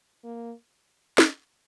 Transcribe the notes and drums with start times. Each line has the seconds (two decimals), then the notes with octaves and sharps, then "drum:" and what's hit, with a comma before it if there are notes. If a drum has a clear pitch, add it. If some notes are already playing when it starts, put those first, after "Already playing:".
0.24 A#3
1.18 D#4, drum: snare